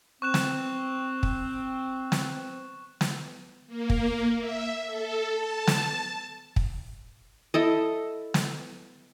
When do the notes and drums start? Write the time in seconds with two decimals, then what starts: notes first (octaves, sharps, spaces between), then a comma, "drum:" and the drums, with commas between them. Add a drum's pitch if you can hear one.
0.22 C4 C#6 F#6 E7
0.34 drum: snare
1.23 drum: kick
2.12 drum: snare
3.01 drum: snare
3.67 A#3
3.90 drum: kick
4.38 E5
4.86 A4
5.31 A5
5.67 drum: snare
6.56 drum: kick
7.54 E4 A4 D#5
8.34 drum: snare